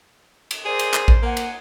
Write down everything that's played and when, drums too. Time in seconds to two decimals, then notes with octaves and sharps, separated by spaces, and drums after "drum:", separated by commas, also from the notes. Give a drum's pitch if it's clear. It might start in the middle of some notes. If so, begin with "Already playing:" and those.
0.51 drum: cymbal
0.65 G#4 A#4 C5 D5
0.79 drum: cymbal
0.94 drum: clap
1.08 drum: kick A#1
1.22 A#3 F#5 G#5
1.37 drum: cymbal